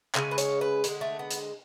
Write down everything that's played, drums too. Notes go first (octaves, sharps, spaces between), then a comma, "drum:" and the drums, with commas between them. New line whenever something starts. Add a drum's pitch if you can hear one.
C#3 G#3 G#5, drum: clap
B4
C#5, drum: hi-hat
B4
D3 G#3, drum: hi-hat
A3
B3
drum: hi-hat